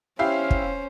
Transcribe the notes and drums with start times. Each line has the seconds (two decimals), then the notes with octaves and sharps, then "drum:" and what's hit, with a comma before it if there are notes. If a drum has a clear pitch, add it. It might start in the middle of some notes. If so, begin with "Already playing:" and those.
0.19 C#4 E4 G4 C5 F5
0.50 drum: kick